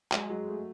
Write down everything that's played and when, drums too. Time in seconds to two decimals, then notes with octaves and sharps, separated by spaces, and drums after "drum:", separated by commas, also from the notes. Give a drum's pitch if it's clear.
0.12 F#3 G#3, drum: clap
0.30 F#3
0.48 A3